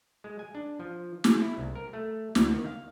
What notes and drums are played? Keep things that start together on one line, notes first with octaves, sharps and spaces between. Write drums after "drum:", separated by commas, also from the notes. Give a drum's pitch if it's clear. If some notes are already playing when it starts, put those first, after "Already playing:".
G#3
G#5
D4
F3
G#4, drum: snare
E4
C2
A#4
A3
D2, drum: snare
D#3
F5